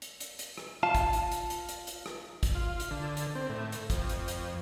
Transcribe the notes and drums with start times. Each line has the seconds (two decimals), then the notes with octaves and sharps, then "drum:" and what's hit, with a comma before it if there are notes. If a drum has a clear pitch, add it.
0.02 drum: hi-hat
0.20 drum: hi-hat
0.39 drum: hi-hat
0.58 drum: rim click
0.83 F4 F5 A5
0.95 drum: kick, hi-hat
1.13 drum: hi-hat
1.32 drum: hi-hat
1.50 drum: hi-hat
1.69 drum: hi-hat
1.87 drum: hi-hat
2.06 drum: rim click
2.43 drum: kick, hi-hat
2.55 F4
2.80 drum: hi-hat
2.91 D3
3.17 drum: hi-hat
3.35 C4
3.49 A2
3.72 drum: hi-hat
3.90 F2, drum: kick, hi-hat
4.09 drum: hi-hat
4.28 drum: hi-hat